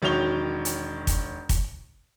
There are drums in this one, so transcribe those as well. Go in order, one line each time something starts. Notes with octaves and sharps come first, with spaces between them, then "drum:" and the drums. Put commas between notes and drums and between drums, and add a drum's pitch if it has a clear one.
E1 D#3 F#3 C#5 F7 G7
drum: hi-hat
drum: kick, hi-hat
drum: kick, hi-hat